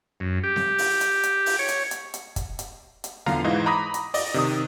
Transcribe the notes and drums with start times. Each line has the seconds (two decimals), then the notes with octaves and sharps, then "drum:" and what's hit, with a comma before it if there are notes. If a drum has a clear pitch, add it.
0.20 F#2
0.44 G4
0.56 drum: snare C4
0.78 drum: open hi-hat
1.01 drum: hi-hat
1.23 drum: hi-hat
1.46 drum: open hi-hat
1.59 C#5
1.69 drum: hi-hat
1.91 drum: hi-hat
2.14 drum: hi-hat
2.36 drum: kick, hi-hat
2.59 drum: hi-hat
3.04 drum: hi-hat
3.26 E2 D3 F4 F5 A#5, drum: snare C4
3.44 G#2 E3 D#5 F5
3.66 A#5 B5 D6 D#6 A#6 B6
3.94 drum: hi-hat
4.14 D5 D#5, drum: open hi-hat
4.34 C3 D#3 D#6